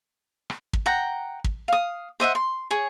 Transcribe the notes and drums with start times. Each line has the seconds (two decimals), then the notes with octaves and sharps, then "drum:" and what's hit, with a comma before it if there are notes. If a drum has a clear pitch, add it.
0.50 drum: rim click
0.73 drum: kick
0.86 F#5 G5 A#5
1.44 drum: kick
1.68 F5 D#6
2.20 C5 D#5 E5 F#5
2.35 C6
2.71 G#4 C#5